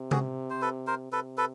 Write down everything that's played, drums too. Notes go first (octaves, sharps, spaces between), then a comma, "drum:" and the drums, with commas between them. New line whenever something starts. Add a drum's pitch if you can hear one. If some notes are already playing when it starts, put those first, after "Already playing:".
Already playing: C3
F#4 G#4, drum: tom C3
C5
A4 B4
A#4 C5
C3 A4 B4
A4 B4